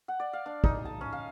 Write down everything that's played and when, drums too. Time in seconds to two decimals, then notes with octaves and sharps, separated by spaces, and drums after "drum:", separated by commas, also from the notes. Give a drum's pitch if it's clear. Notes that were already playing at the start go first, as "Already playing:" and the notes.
0.08 F#5
0.20 D5
0.33 F5
0.46 D4
0.64 D#4, drum: kick
0.85 A5
1.01 C#4
1.13 F5